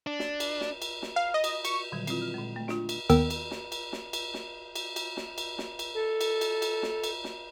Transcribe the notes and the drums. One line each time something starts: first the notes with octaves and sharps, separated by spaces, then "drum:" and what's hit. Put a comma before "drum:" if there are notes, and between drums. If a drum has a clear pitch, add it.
D4
drum: snare
drum: cymbal
drum: snare
drum: cymbal
drum: snare
F5
D#5
drum: cymbal
C#6, drum: cymbal
A#2 D3 D#3 F#3 G3
C4 E4 F4, drum: cymbal
F6
A#2 G#3
A3
D4 F4, drum: snare
drum: cymbal
D#2 D#3 B3 A#4 G5 E6, drum: cymbal
drum: cymbal
drum: snare
drum: cymbal
drum: snare
drum: cymbal
drum: snare
drum: cymbal
drum: cymbal
drum: snare
drum: cymbal
drum: snare
drum: cymbal
A4
drum: cymbal
drum: cymbal
drum: cymbal
drum: snare
drum: cymbal
drum: snare